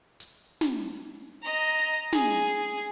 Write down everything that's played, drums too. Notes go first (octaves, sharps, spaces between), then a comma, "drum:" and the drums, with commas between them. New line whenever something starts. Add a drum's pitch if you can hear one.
drum: hi-hat
drum: snare
D#5 A#5
G#4, drum: snare